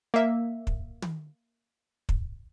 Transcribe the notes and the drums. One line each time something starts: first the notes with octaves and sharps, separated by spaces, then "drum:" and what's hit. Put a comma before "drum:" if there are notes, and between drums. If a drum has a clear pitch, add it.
A#3 E5
drum: kick
drum: tom
drum: kick